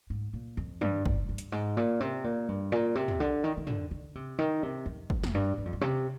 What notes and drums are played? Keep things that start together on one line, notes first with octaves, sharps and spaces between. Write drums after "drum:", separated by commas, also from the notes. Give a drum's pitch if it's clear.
G#2
A#2
F2
G2, drum: tom
G2, drum: kick
G2
drum: hi-hat
G#2
A#2
C3
A#2
G2
A#2
C3
drum: tom
D3
D#3
D#3
D3, drum: tom
D3
C3
D#3
C3
F2
F2, drum: kick
F2, drum: snare
G2
G2
F2
G2
C3